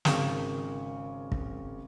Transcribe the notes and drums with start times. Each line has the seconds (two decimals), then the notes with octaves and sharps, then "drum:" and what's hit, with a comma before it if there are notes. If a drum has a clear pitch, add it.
0.05 G#1 C#3 A#4 C#6 D#6, drum: snare
1.32 drum: kick